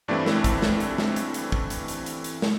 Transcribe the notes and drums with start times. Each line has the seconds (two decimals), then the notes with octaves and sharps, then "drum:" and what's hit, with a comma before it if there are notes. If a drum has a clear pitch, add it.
0.08 G2 E3 A3 C4 D4 E4 D5
0.26 drum: snare
0.44 drum: kick, hi-hat
0.62 drum: snare
0.80 drum: hi-hat
0.98 drum: snare
1.16 drum: hi-hat
1.34 drum: hi-hat
1.52 drum: kick
1.70 drum: hi-hat
1.88 drum: hi-hat
2.06 drum: hi-hat
2.24 drum: hi-hat
2.42 drum: snare